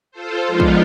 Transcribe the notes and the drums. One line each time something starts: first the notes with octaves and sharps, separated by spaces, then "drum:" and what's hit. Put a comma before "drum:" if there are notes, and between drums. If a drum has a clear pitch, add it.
F4 A4 C5
F3 G#3 B3 D4 D#4 F4
drum: kick